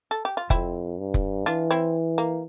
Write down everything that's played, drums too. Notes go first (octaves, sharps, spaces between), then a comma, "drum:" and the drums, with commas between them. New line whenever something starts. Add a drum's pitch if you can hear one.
A4
G4
F4
F2 C4 E4, drum: kick F1
G2
drum: kick F1
E3 D4 F4
C4 E4
A#3